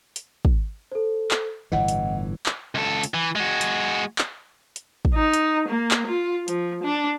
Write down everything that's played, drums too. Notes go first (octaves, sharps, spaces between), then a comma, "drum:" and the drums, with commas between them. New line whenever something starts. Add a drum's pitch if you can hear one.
drum: hi-hat
drum: kick
A4 C5
drum: clap
G1 A2 E3 D#5 F#5
drum: hi-hat
drum: clap
C#2 A4
drum: hi-hat
E3
G#3 F#4
drum: hi-hat
drum: clap
drum: hi-hat
drum: kick
D#4
drum: hi-hat
A#3
drum: clap
F4
F3, drum: hi-hat
D4